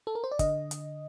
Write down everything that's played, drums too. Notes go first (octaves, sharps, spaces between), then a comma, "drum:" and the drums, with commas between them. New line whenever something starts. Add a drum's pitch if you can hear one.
A4
A#4
C5
D5
D3 D#5, drum: kick, hi-hat
drum: hi-hat